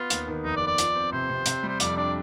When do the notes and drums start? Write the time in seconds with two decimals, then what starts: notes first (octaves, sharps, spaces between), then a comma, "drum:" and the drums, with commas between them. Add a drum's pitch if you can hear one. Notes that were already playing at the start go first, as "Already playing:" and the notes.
Already playing: B3 F4
0.10 D#2, drum: hi-hat
0.28 D#3
0.44 F1 D#4
0.56 D5
0.61 B3
0.67 D5
0.78 F3, drum: hi-hat
0.95 C4
1.12 C3 C5
1.29 C3
1.46 C3, drum: hi-hat
1.63 G3
1.68 C5
1.80 F2 D5, drum: hi-hat
1.97 D4 D5